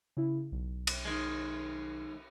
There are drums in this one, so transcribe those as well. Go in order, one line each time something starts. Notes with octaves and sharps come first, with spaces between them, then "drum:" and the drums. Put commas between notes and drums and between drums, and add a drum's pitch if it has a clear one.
C#3 E4
B1
drum: cymbal
D#3 G#3